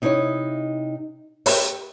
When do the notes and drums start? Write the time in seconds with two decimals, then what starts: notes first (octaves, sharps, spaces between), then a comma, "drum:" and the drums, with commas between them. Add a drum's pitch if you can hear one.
0.02 C3 D#4 E4 B4 C#5 D#5
1.46 G4 C#5, drum: open hi-hat